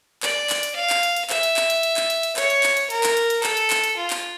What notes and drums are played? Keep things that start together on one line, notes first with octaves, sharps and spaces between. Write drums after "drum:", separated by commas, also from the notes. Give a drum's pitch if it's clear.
D5, drum: clap
drum: clap
drum: hi-hat
F5
drum: clap
drum: hi-hat
drum: hi-hat
E5, drum: clap
drum: hi-hat
drum: clap
drum: hi-hat
drum: hi-hat
drum: clap
drum: hi-hat
drum: hi-hat
C#5, drum: clap
drum: hi-hat
drum: clap
drum: hi-hat
A#4, drum: hi-hat
drum: clap
drum: hi-hat
drum: hi-hat
A4, drum: clap
drum: hi-hat
drum: clap
drum: hi-hat
F4
drum: clap